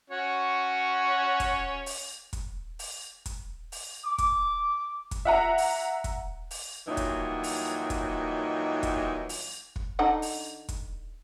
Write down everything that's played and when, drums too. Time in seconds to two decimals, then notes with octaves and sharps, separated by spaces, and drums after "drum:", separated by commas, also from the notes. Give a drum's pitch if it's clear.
0.10 C#4 F#4 C#5
1.40 drum: kick, hi-hat
1.86 drum: open hi-hat
2.33 drum: kick, hi-hat
2.79 drum: open hi-hat
3.26 drum: kick, hi-hat
3.72 drum: open hi-hat
4.05 D6
4.18 drum: kick, hi-hat
5.11 drum: kick, hi-hat
5.25 E5 F#5 A#5
5.58 drum: open hi-hat
6.04 drum: kick, hi-hat
6.51 drum: open hi-hat
6.87 G2 A#2 E3 F#3 D#4
6.97 drum: kick, hi-hat
7.43 drum: open hi-hat
7.90 drum: kick, hi-hat
8.83 drum: kick, hi-hat
9.29 drum: open hi-hat
9.76 drum: kick
9.99 D3 D#4 F#5
10.22 drum: open hi-hat
10.69 drum: kick, hi-hat